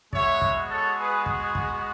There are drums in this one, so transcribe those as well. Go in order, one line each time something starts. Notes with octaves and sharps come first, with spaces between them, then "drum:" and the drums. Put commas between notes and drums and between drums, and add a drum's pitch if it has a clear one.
G#3 B3 F#4 C#5 E5, drum: kick
drum: kick
A4 C#5
G#4 B4
G#4, drum: kick
drum: kick